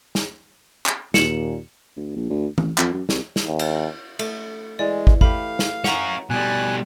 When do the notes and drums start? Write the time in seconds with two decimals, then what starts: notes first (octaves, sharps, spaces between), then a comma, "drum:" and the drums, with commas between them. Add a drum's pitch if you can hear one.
0.15 drum: snare
0.86 drum: clap
1.14 D#2 A#2 C#7 E7 F#7, drum: snare
1.97 D2
2.16 A#1
2.30 D2
2.58 A1, drum: tom E3
2.78 F2, drum: clap
2.93 F#2
3.09 C2, drum: snare
3.36 drum: snare
3.47 D#2
3.59 drum: cymbal
4.19 A3, drum: cymbal
4.79 E3 G#3 D5
5.07 drum: kick
5.21 A3 G4 F5 B5, drum: kick
5.59 drum: snare
5.84 C#4 F#4 F#5 A#5, drum: snare
6.30 B2 G3 G#5 F#6